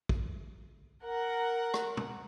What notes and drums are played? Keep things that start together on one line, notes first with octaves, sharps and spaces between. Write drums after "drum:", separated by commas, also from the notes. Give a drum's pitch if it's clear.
drum: kick
A#4 F#5
drum: rim click
drum: tom